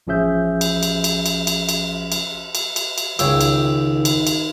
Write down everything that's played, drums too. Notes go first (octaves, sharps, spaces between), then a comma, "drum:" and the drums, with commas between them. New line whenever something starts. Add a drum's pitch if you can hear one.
A1 F3 C#4 G#4 E5 G6
drum: cymbal
drum: cymbal
drum: cymbal
drum: cymbal
drum: cymbal
drum: cymbal
drum: cymbal
drum: cymbal
drum: cymbal
drum: cymbal
C#2 D#3 C#5 F5 G5 E6, drum: cymbal
drum: cymbal
drum: cymbal
drum: cymbal